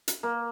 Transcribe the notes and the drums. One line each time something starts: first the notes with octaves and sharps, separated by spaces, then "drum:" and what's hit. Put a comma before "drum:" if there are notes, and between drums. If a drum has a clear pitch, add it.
drum: hi-hat
A#3